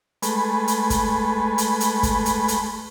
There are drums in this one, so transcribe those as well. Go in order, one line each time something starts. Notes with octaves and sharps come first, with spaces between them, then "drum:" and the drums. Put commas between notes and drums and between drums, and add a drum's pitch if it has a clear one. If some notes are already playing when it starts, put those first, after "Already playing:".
G#3 A3 B4, drum: hi-hat
drum: hi-hat
drum: kick, hi-hat
drum: hi-hat
drum: hi-hat
drum: kick, hi-hat
drum: hi-hat
drum: hi-hat